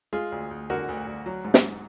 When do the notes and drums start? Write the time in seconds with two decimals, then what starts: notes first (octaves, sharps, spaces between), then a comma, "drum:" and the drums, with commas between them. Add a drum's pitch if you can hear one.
0.13 G#3 F4 G#4
0.32 D2
0.51 D2
0.70 D3 F#4 A#4
0.89 D2
1.07 D2
1.26 F#3
1.45 G#2
1.54 drum: snare